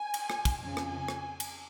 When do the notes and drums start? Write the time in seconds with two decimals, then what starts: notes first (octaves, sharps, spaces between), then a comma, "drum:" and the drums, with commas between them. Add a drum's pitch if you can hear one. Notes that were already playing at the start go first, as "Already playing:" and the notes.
Already playing: G#5
0.14 drum: cymbal
0.30 drum: rim click
0.45 drum: kick, cymbal
0.61 F2 C#3 F3 G#5
0.77 drum: rim click
1.08 drum: rim click
1.40 drum: cymbal